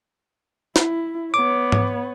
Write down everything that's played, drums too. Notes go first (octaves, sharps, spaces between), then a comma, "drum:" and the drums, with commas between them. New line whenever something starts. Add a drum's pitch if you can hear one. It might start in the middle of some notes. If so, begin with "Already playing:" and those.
E4, drum: snare
B3 C#5 D6
drum: tom G#2